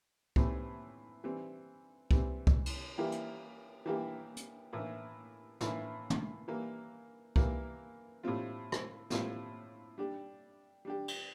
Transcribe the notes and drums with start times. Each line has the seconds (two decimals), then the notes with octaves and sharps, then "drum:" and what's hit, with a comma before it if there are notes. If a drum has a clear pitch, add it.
0.36 A2 E3 G3 C4, drum: kick C2
1.24 E3 G3 C4
2.11 E3 G3 C4, drum: kick C2
2.47 drum: kick C2
2.66 drum: cymbal
2.98 E3 G3 A#3 E4 G4
3.12 drum: hi-hat
3.86 E3 G3 A#3 E4 G4
4.37 drum: hi-hat
4.73 A2 E3 A#3 E4
5.61 A2 E3 A#3 E4, drum: snare
6.10 drum: tom
6.48 E3 G3 A#3
7.36 E3 G3 A#3, drum: kick C2
8.23 A2 G3 C4 F4
8.72 drum: rim click
9.10 A2 G3 C4 F4, drum: snare
9.98 G3 D4 G4
10.85 G3 D4 G4
11.08 drum: cymbal